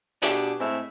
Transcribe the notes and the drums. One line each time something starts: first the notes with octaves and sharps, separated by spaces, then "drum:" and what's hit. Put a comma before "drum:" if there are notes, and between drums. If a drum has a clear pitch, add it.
B2 D4 G4 G#4, drum: hi-hat
A2 G#3 C4 E5